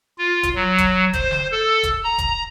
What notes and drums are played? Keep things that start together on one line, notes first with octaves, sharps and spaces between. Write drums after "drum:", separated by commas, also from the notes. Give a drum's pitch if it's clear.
F4
drum: kick D#1, hi-hat
F#3
drum: kick D#1, hi-hat
C5, drum: kick D#1, hi-hat
drum: snare
A4
drum: kick D#1, hi-hat
A#5
drum: kick D#1, hi-hat